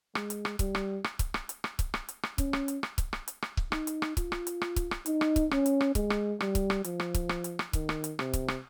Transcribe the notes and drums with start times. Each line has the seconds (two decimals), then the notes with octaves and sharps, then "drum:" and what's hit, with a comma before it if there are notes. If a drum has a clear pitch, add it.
0.15 G#3, drum: rim click
0.30 drum: hi-hat
0.45 drum: rim click
0.59 G3, drum: kick C#1, hi-hat
0.75 drum: rim click
1.04 drum: rim click
1.19 drum: kick C#1, hi-hat
1.34 drum: rim click
1.49 drum: hi-hat
1.64 drum: rim click
1.79 drum: kick C#1, hi-hat
1.94 drum: rim click
2.09 drum: hi-hat
2.23 drum: rim click
2.38 C#4, drum: kick C#1, hi-hat
2.53 drum: rim click
2.68 drum: hi-hat
2.83 drum: rim click
2.98 drum: kick C#1, hi-hat
3.13 drum: rim click
3.28 drum: hi-hat
3.42 drum: rim click
3.57 drum: kick C#1
3.72 D#4, drum: rim click
3.87 drum: hi-hat
4.02 drum: rim click
4.17 F4, drum: kick C#1, hi-hat
4.32 drum: rim click
4.47 drum: hi-hat
4.61 drum: rim click
4.76 drum: kick C#1, hi-hat
4.91 drum: rim click
5.06 D#4, drum: hi-hat
5.21 drum: rim click
5.36 drum: kick C#1, hi-hat
5.51 C#4, drum: rim click
5.66 drum: hi-hat
5.81 drum: rim click
5.95 G#3, drum: kick C#1, hi-hat
6.10 drum: rim click
6.40 G3, drum: rim click
6.55 drum: kick C#1, hi-hat
6.70 drum: rim click
6.84 F3, drum: hi-hat
7.00 drum: rim click
7.14 drum: kick C#1, hi-hat
7.29 drum: rim click
7.44 drum: hi-hat
7.59 drum: rim click
7.73 D#3, drum: kick C#1, hi-hat
7.89 drum: rim click
8.04 drum: hi-hat
8.19 C3, drum: rim click
8.33 drum: kick C#1, hi-hat
8.48 drum: rim click